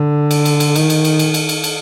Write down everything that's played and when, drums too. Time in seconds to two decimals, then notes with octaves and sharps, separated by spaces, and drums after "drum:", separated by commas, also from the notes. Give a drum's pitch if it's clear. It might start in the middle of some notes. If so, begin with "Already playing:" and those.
Already playing: D3
0.31 drum: cymbal
0.45 drum: cymbal
0.60 drum: cymbal
0.75 D#3, drum: cymbal
0.90 drum: cymbal
1.05 drum: cymbal
1.19 drum: cymbal
1.34 drum: cymbal
1.49 drum: cymbal
1.64 drum: cymbal